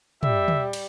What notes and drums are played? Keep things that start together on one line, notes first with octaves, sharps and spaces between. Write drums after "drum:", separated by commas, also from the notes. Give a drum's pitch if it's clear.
G3 E5, drum: tom
drum: tom
drum: cymbal